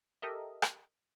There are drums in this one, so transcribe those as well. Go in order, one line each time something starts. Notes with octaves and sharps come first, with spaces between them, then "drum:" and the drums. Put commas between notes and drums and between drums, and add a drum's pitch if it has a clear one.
G4 A4 A#4 D#5 E5
drum: rim click